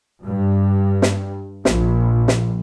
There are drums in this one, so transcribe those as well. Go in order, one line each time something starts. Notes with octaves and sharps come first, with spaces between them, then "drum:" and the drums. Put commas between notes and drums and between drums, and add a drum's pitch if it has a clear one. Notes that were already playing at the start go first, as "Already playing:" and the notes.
G2
drum: snare
A#1, drum: snare
drum: snare